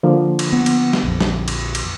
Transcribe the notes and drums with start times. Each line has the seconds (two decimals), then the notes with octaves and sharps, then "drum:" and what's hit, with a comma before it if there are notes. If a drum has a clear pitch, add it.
0.03 D3 F3 A#3
0.39 drum: cymbal
0.53 B3
0.66 drum: cymbal
0.93 drum: snare
1.03 A#1 F2
1.21 drum: snare
1.48 drum: cymbal
1.75 drum: cymbal